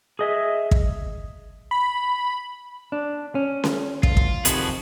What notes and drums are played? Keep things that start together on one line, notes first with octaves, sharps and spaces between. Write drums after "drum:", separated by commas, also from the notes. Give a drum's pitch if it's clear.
G#4 D#5 E5
drum: kick
B5
D4
C#4
drum: snare C#4
A2 D3 E3 F4, drum: kick
drum: kick
F2 C3 D#3 F3 F#4 G#4 B4, drum: hi-hat